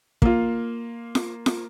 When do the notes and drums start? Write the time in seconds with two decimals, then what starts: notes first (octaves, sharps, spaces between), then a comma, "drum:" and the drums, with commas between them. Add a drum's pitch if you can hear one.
0.22 A#3 F4, drum: kick
1.15 drum: snare F4
1.46 drum: snare F4